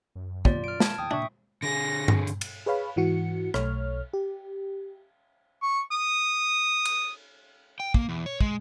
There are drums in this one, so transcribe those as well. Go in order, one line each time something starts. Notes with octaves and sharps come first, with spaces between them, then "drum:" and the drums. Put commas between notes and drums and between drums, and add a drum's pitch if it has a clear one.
F#2
D#2 F4 D5, drum: kick
F6 D7
A5 G#6, drum: snare
E2 G5 D#6
A#2 D4 E5 C#6
D3 G#4 A#6
drum: tom G2
drum: hi-hat
drum: cymbal
G#4 B4 C#5 F5 B5
G#2 E3 F#4 C#7
B1 A3 C#5 F6, drum: rim click
G4
C#6
D#6
drum: cymbal
G5
A#3, drum: kick
E2
C#5
G#3, drum: kick